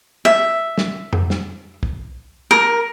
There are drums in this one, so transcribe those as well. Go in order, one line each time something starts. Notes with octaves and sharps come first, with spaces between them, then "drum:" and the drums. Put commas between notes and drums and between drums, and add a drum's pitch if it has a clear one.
E5
drum: snare
drum: tom F2
drum: snare
drum: kick
A#4